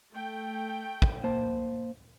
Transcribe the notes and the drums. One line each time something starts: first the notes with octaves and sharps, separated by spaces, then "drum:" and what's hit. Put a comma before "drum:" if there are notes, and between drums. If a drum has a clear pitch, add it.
A3 G5
drum: kick
A#3 C5 A5